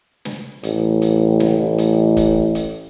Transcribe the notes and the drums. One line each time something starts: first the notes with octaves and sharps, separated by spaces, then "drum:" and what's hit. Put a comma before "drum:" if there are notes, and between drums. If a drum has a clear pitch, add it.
drum: snare
A1, drum: hi-hat
drum: hi-hat
drum: snare
A1
drum: hi-hat
drum: kick C#1, hi-hat
drum: hi-hat